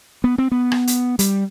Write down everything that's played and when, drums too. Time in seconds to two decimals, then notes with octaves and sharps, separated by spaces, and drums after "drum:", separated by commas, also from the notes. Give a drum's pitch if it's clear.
0.24 B3
0.38 C4
0.52 B3
0.72 drum: rim click
0.87 drum: hi-hat
1.19 G3, drum: hi-hat